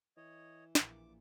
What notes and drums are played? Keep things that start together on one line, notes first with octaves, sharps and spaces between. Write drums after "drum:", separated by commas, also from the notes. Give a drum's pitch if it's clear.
E3 C#5 D#5
A#1 A#2 D6, drum: snare